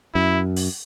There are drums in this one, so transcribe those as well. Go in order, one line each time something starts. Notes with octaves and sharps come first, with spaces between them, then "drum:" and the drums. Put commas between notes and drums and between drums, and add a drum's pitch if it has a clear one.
F#2 E4
drum: open hi-hat